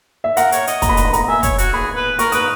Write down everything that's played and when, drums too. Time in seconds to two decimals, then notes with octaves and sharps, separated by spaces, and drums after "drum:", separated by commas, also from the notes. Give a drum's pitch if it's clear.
0.24 E5
0.37 A#4 F#5, drum: hi-hat
0.52 C#5, drum: hi-hat
0.67 D#5, drum: hi-hat
0.82 A#5, drum: kick, hi-hat
0.89 B5
0.97 A#5, drum: hi-hat
1.05 B5
1.13 A#5, drum: hi-hat
1.28 E5 G#5
1.43 C#5, drum: kick, hi-hat
1.58 F#4, drum: hi-hat
1.73 G#4 B5
1.96 B4
2.19 A#4 C#6, drum: hi-hat
2.32 B4 D#6, drum: hi-hat